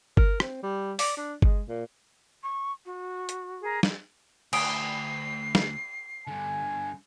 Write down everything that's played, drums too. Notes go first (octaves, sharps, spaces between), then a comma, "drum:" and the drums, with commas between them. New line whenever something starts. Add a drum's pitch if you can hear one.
A#4, drum: kick G1
C4, drum: rim click
G3
D5, drum: open hi-hat
D4
G#3, drum: kick G1
A#2
C#6
F#4
drum: hi-hat
G#4 A#4
drum: snare
D2 G#5 D#6 C7 D7, drum: cymbal
drum: snare
G2 D3 G#5